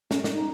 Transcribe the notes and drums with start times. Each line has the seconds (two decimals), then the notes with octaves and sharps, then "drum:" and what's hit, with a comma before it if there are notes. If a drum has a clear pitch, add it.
0.11 C#4, drum: snare
0.24 drum: snare
0.34 D#4